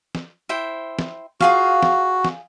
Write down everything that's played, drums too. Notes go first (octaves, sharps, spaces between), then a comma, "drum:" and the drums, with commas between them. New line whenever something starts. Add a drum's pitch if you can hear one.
drum: snare
E4 C5 G5
drum: snare
F4 F#4 G#4 F5, drum: snare
drum: snare
drum: snare